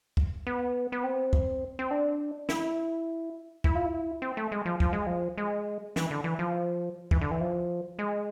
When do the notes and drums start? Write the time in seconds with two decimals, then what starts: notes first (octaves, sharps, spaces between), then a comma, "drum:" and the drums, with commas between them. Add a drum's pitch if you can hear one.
0.17 drum: kick
0.47 B3
0.92 B3
1.04 C4
1.33 drum: kick
1.79 C4
1.91 D4
2.49 E4, drum: snare
3.64 E4, drum: kick
3.75 F4
3.86 E4
4.22 C4
4.37 A3
4.52 G#3
4.66 F3
4.80 F3, drum: kick
4.93 G#3
5.06 F3
5.38 G#3
5.96 E3, drum: snare
6.11 D3
6.24 E3
6.39 F3
7.11 E3, drum: kick
7.21 D3
7.31 E3
7.41 F3
7.99 G#3